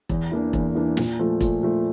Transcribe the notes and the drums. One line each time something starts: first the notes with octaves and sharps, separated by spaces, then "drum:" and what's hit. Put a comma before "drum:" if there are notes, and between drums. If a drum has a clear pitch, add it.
E2, drum: kick E1
E3 A#3 D4
E2, drum: kick E1
E3 A#3 D4
A#2, drum: snare
F3 A3
A#2, drum: kick E1, hi-hat
F3 A3